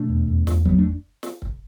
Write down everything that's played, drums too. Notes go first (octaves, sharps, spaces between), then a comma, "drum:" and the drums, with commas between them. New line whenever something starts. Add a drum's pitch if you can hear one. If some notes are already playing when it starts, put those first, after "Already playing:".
Already playing: B2 A3 D4
E2
E2
E2, drum: snare
D2 F#3 B3, drum: kick C#1
A3 D4
drum: snare
drum: kick C#1